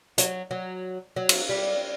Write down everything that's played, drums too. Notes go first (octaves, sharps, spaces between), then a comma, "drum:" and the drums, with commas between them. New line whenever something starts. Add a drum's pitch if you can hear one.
F#3, drum: hi-hat
F#3
F#3
drum: cymbal
G3